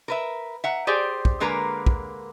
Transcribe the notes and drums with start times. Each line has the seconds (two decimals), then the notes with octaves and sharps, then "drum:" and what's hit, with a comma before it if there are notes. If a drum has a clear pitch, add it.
0.08 A#4 B4 E5
0.64 E5 F#5 A#5
0.87 G4 G#4 C5 D5
1.25 drum: kick
1.40 D3 G#3 A#3 A#4 B4 A#5
1.86 drum: kick